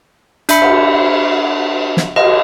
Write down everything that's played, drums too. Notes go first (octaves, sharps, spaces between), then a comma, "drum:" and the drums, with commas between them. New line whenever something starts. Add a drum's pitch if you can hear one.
D4 E5 B5 C#7, drum: hi-hat
drum: cymbal
drum: snare
D#5, drum: cymbal